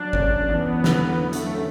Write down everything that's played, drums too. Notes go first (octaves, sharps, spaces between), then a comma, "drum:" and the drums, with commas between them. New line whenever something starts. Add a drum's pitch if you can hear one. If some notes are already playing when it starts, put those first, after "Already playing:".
Already playing: F#3 D4
C#4, drum: kick G1
E2 B3
D3, drum: snare
F#3 A3
drum: hi-hat
C#4